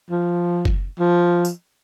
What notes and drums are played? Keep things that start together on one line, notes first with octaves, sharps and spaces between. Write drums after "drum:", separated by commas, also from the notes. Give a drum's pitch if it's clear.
F3
drum: kick F#1
F3
drum: tambourine